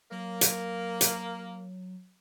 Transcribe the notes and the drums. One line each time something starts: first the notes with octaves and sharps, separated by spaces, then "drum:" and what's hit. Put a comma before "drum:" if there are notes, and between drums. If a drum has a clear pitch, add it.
F#3 A#3
drum: hi-hat
drum: hi-hat